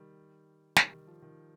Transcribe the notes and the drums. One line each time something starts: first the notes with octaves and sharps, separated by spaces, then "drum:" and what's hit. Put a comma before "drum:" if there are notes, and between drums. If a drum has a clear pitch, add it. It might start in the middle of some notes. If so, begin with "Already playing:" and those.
Already playing: D#3 G3
D#3 G3, drum: snare
D#3 G3
F3
D#3